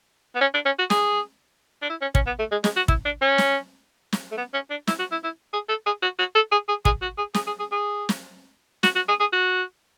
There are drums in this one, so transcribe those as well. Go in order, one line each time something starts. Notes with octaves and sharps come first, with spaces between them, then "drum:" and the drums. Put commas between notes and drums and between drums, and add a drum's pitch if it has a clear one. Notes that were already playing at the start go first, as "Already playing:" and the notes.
B3
C#4
D4
C#4
F#4
G#4, drum: snare
D4
E4
C#4
C#4, drum: kick
B3
A3
G#3
G#3, drum: snare
F#4
E4, drum: kick
D4
C#4
drum: snare
drum: snare
A3
B3
C#4
D4
E4, drum: snare
F#4
E4
E4
G#4
A4
G#4
F#4
F#4
A4
G#4
G#4
G#4, drum: kick
F#4
G#4
G#4, drum: snare
G#4
G#4
G#4
drum: snare
F#4, drum: snare
F#4
G#4
G#4
F#4